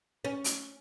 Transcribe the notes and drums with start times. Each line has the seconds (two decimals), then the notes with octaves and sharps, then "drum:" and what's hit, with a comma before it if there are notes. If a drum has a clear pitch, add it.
0.25 C#4
0.44 drum: hi-hat